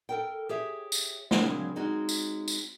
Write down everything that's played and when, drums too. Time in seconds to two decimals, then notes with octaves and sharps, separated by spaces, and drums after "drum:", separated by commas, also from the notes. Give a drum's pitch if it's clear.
0.09 A4 A#4 G5
0.49 G4 G#4 C#5 E5
0.92 drum: tambourine
1.31 C#3 F#3 G#3 A#3 C4 D4, drum: snare
1.76 G#3 C4 C#4 D#4 F#4 G#4
2.09 drum: tambourine
2.48 drum: tambourine